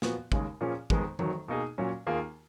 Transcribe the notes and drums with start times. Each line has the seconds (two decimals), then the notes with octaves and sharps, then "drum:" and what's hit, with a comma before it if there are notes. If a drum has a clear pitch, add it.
0.02 A#2 F3 B3 F#4, drum: snare
0.32 D#2 C#3 G#3, drum: kick
0.61 A#2 F3 A#3 C#4 G#4
0.90 F2 D#3 G#3 B3, drum: kick
1.19 F1 F2 D#3 F#3, drum: tom E3
1.48 B2 A#3 D#4 G#4
1.78 A#2 F#3 C#4
2.07 D#2 D#3 A#3 F4 G#4